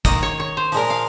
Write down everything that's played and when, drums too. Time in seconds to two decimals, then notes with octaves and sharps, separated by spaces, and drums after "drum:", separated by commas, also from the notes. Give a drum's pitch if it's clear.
0.05 D#3 A#3 D#4 D#5, drum: kick, hi-hat
0.23 C#5
0.40 C#5
0.57 C5
0.72 A#2 F3 G#3 A#4, drum: open hi-hat
0.90 F5